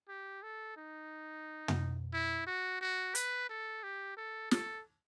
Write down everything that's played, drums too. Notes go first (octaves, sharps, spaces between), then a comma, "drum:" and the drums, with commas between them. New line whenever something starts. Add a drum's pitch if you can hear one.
G4
A4
D#4
drum: tom
E4
F#4
F#4
B4, drum: hi-hat
A4
G4
A4
A4, drum: snare